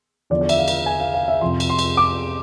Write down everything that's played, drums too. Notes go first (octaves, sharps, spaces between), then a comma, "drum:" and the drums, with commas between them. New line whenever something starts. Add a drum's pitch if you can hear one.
E2 D3 F3 D5
D5
E5, drum: cymbal
F5
drum: cymbal
G#5
F5
F5
E5
F2 C3 F3 C6
drum: cymbal
C6
drum: cymbal
D6